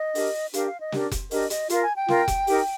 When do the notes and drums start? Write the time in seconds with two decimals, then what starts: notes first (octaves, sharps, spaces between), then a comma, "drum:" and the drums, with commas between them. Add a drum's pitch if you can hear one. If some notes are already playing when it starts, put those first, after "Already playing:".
Already playing: D#5
0.15 D4 G4 A#4, drum: open hi-hat
0.54 D4 G4 A#4 F5, drum: hi-hat
0.66 F5
0.79 D#5
0.92 D4 G4 A#4, drum: snare
1.11 drum: kick F1, hi-hat
1.31 D4 G4 A#4 D#5, drum: open hi-hat
1.50 D#5, drum: hi-hat
1.70 F4 A#4 F5, drum: hi-hat
1.82 G#5
1.95 G5
2.08 F4 A#4, drum: snare
2.28 drum: kick F1, hi-hat
2.47 D#4 G4 A#4, drum: open hi-hat